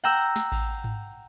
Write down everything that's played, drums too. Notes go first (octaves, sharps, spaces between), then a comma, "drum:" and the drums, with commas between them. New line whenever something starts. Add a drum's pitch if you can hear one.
F#5 G5 A#5 E6
drum: snare
drum: kick A1, cymbal
drum: tom G#2